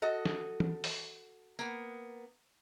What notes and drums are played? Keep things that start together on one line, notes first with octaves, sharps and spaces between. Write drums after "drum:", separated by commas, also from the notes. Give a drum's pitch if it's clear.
F#4 A4 D#5
drum: snare
drum: tom E3
drum: open hi-hat
A#3 B3, drum: tambourine